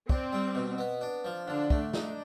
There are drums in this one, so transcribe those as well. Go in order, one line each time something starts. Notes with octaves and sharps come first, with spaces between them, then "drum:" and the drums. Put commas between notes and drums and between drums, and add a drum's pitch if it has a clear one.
C4 D4, drum: kick
G3
B2
B3
D4
F3
D3 D4
A3, drum: kick
D4 D#4, drum: snare